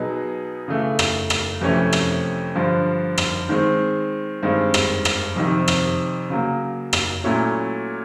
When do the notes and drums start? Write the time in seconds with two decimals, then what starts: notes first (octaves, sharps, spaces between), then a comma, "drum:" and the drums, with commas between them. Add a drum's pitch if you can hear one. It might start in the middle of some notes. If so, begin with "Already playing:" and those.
Already playing: B2 F#3 B3 D#4 G#4
0.68 C#3 E3 A3
0.99 drum: rim click
1.30 drum: rim click
1.61 F2 C3 E3 A3 C#4
1.93 drum: rim click
2.55 G2 D3 F3
3.18 drum: rim click
3.49 D#3 G#3 C4
4.43 G2 D#3 G#3 C4
4.74 drum: rim click
5.05 drum: rim click
5.36 F2 C3 D#3
5.68 drum: rim click
6.30 C#3 F#3 A#3
6.93 drum: rim click
7.24 A#2 F#3 A3 C#4 E4